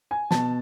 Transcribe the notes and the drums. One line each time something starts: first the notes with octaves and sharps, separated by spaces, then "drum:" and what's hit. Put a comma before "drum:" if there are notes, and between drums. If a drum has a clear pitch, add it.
G#5
B2 A5, drum: snare